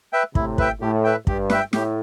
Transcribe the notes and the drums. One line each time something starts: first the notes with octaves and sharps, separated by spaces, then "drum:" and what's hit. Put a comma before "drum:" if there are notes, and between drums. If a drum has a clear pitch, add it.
B4 E5 G5
A2 C3 E4, drum: kick
B4 E5 G5, drum: kick
A2 G4
B4 E5 G5
G2 G4, drum: kick
B4 E5 G5, drum: snare
A2 G4, drum: snare